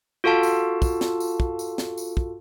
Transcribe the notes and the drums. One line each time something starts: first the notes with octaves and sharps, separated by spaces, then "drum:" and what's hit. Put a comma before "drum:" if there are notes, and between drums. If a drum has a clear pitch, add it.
F4 F#4 A4 F5 A5
drum: tambourine
drum: kick, tambourine
drum: snare
drum: tambourine
drum: kick
drum: tambourine
drum: snare
drum: tambourine
drum: kick